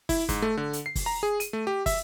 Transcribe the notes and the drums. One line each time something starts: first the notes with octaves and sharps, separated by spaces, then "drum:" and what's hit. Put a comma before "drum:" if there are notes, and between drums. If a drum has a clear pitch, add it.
E4, drum: kick, open hi-hat
G#2, drum: kick, hi-hat
A3
D3
drum: hi-hat
C7
drum: kick, open hi-hat
A#5
G#4
D#7, drum: hi-hat
A3
G4
E5, drum: kick, open hi-hat